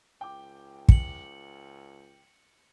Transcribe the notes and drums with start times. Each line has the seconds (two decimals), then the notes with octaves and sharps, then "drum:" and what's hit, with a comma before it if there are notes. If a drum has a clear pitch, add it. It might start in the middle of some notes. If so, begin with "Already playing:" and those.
0.21 C#2 G5 D6
0.89 C#7 F#7, drum: kick